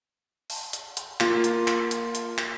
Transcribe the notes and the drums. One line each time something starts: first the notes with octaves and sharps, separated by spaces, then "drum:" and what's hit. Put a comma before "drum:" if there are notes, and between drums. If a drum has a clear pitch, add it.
drum: open hi-hat
drum: hi-hat
drum: hi-hat
A#3 F4, drum: clap
drum: hi-hat
drum: clap
drum: hi-hat
drum: hi-hat
drum: clap